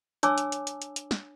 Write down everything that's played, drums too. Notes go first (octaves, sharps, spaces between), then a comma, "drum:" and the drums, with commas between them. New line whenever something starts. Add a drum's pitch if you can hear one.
D4 C#5 G#5 A5 D6 E6, drum: hi-hat
drum: hi-hat
drum: hi-hat
drum: hi-hat
drum: hi-hat
drum: hi-hat
drum: snare